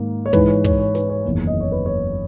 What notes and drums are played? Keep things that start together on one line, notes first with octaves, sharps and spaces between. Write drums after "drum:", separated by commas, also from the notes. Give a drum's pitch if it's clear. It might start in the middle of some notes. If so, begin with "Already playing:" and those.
Already playing: G#2 D#3 A#3
C#5
G#2 E3 G#3 D#4 B4, drum: kick
C#5
C#5, drum: kick
C#5
B4, drum: snare
C#5
F#1 E2 D#3 A#3
D#5
C#5
B4
C#5